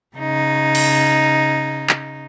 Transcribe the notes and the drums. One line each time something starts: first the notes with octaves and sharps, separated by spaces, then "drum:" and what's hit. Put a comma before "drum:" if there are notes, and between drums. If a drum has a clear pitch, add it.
C#3 D#4
drum: cymbal
drum: clap